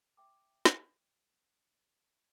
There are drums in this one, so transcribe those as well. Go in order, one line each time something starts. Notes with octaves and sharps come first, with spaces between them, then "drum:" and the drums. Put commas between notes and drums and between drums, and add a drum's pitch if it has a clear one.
E5 G5 D6
drum: snare